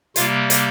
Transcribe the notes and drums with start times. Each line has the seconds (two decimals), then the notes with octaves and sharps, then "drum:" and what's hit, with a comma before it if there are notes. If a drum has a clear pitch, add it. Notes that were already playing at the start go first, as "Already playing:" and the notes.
0.16 C3 G3 A#3 F4 F5, drum: hi-hat
0.50 drum: hi-hat